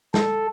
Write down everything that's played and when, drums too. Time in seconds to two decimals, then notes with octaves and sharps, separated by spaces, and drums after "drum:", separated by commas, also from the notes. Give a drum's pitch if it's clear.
0.14 A4, drum: snare